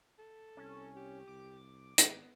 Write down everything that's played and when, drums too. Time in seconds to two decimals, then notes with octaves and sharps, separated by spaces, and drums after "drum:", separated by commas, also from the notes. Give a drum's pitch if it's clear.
0.19 A4
0.57 C2 C#4
0.96 G4
1.27 C2 D6
1.98 G#1 B3, drum: hi-hat